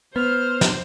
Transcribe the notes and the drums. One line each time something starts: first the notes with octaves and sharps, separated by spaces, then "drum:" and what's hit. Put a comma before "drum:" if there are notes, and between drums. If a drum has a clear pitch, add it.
B3 C5 F6
drum: snare